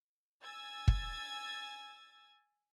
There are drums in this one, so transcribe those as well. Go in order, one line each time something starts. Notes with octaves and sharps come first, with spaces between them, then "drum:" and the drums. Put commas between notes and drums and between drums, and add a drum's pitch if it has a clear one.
G#5 E6 G#6 A6
drum: kick